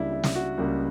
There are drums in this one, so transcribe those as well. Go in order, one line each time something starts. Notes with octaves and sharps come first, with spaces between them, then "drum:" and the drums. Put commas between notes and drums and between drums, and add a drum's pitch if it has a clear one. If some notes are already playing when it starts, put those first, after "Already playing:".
Already playing: C#2 C#3 G3 A#3 D4 E4
E4
drum: snare
F#4
C#2 C#3 G3 A#3